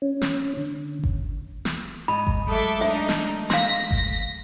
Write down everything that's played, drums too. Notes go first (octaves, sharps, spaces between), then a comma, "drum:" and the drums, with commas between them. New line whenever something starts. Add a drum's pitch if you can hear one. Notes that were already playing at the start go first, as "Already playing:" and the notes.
C#4
drum: snare
D3
drum: kick G1
drum: snare
G#2 D#5 B5
drum: kick G1
F#3 G#3 A3 A4 E5 D6
D4 D#4 E5
drum: snare
F5 C6 A#6 B6, drum: snare
drum: kick G1